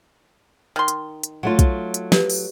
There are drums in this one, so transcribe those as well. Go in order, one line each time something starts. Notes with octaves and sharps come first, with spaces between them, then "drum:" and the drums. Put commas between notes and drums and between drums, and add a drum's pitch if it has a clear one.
D#3 C6
drum: hi-hat
drum: hi-hat
F#3 A3 F4 F#5
drum: kick, hi-hat
drum: hi-hat
G4 B4, drum: snare
drum: open hi-hat